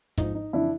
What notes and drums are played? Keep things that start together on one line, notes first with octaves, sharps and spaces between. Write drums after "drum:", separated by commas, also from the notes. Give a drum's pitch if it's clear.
G#2 F3 D#4, drum: kick, hi-hat
D#4
F2 C#3 E3 D4 E4